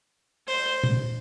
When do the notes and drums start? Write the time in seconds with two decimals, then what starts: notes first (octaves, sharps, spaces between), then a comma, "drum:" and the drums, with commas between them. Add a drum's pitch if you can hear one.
0.48 C5, drum: open hi-hat
0.84 drum: tom A#2